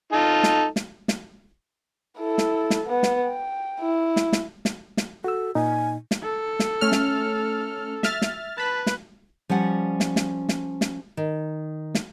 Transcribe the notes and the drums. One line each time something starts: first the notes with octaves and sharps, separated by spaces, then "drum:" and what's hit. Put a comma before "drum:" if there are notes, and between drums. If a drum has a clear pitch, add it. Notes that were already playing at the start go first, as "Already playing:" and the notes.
D#4 F4 A4
drum: snare
drum: snare
drum: snare
E4 A4
drum: snare
drum: snare
B3
drum: snare
G5
E4
drum: snare
drum: snare
drum: snare
drum: snare
F#4 A4 E6
A#2 D#4 G#5
drum: snare
A4
drum: snare
A3 C#4 F6
drum: snare
E5 F6 A6, drum: snare
drum: snare
B4 A5 B5
drum: snare
F3 G3 C#4 F#5
drum: snare
drum: snare
drum: snare
drum: snare
D#3
drum: snare